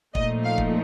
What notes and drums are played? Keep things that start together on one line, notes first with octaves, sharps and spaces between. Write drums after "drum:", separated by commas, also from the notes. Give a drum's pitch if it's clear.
A#2 F3 A3 D#4 D#5, drum: kick
F5
drum: kick